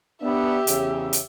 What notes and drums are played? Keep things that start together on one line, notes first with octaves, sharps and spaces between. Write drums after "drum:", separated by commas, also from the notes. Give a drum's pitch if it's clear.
B3 D4 G4 E5
E2 C#3, drum: hi-hat
drum: hi-hat